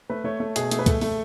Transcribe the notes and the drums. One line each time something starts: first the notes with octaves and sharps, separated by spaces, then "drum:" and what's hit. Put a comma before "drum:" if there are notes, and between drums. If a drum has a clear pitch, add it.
A3 B4
A3 C#5
A3 A4
B2 G#4, drum: hi-hat
A3 G#4, drum: hi-hat
B4
A3 A4, drum: kick, hi-hat
A3 A4, drum: open hi-hat